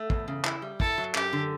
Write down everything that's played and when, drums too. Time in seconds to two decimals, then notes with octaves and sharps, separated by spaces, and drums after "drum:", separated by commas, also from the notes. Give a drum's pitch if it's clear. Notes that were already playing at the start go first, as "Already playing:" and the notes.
Already playing: A3
0.10 E2, drum: kick
0.28 C#3
0.45 E4, drum: clap
0.62 G3
0.80 E4 A4, drum: kick
0.98 F#3
1.15 F#2 G4, drum: clap
1.33 D3